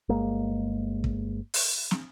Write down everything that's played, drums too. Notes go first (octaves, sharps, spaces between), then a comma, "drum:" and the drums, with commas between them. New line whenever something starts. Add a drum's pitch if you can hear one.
G1 G#3 A#3
drum: kick
drum: open hi-hat
drum: snare